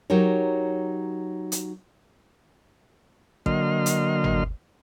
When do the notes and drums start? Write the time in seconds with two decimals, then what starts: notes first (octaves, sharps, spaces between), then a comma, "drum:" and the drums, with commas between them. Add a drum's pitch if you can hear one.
0.10 F#3 D#4 G4 A#4 C#5
1.52 drum: hi-hat
3.46 D3 F#3 A#3 D#5 C6 F6, drum: kick
3.86 drum: hi-hat
4.24 drum: tom G1